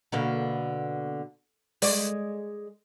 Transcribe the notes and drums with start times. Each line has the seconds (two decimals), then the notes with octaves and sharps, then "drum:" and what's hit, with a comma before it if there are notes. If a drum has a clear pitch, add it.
0.12 B2 D3 A#3
1.82 G#3 D5, drum: open hi-hat